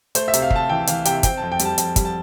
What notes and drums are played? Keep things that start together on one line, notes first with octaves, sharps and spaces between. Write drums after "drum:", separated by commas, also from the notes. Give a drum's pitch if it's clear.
A3 C5, drum: hi-hat
E5
C3, drum: hi-hat
F5
C3, drum: kick
A5
E3 G5
E3 F5, drum: hi-hat
C3 G5, drum: hi-hat
C4 G5, drum: kick, hi-hat
F2 A5
G5
G3, drum: hi-hat
A5
F2 A5, drum: hi-hat
G3, drum: kick, hi-hat
A5